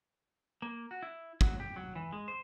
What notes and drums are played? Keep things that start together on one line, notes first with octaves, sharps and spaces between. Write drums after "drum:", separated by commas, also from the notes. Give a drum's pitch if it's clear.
A#3
F#4
E4
F#3, drum: kick
G4
F#3
E3
G#3
C5